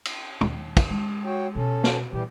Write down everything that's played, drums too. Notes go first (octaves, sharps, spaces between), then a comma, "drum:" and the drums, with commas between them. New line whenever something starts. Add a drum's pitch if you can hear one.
drum: cymbal
D#2, drum: tom
drum: kick, cymbal
G#3
F#4 C#5 G5
B2 C#4 A4
drum: snare
A#2 E3 G3 G4